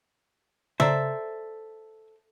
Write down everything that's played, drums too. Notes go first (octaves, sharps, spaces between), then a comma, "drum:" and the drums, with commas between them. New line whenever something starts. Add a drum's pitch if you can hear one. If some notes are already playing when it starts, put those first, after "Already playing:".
A4 C5 D5 E5 A#5, drum: tom C#3